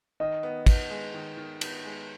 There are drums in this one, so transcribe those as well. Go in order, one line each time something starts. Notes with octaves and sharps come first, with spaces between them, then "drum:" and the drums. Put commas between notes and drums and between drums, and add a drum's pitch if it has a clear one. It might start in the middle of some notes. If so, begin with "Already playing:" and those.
D#3 D#5
B3
B3, drum: kick, cymbal
G#3
D#3
D#3
B3, drum: cymbal
G#3